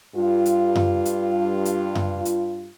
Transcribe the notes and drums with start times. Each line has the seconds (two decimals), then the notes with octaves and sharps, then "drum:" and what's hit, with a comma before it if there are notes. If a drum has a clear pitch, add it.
0.16 G2 F4
0.46 drum: hi-hat
0.75 drum: tom F#2
1.05 drum: hi-hat
1.65 drum: hi-hat
1.95 drum: tom F#2
2.25 drum: hi-hat